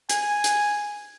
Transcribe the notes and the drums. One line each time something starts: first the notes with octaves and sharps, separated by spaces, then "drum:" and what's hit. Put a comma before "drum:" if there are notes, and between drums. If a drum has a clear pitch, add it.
G#5, drum: hi-hat
drum: hi-hat